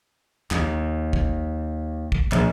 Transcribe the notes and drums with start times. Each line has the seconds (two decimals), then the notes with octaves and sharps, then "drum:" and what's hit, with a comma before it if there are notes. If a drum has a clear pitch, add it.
0.51 D#2, drum: clap
1.13 drum: kick
2.12 drum: kick
2.32 A#1, drum: clap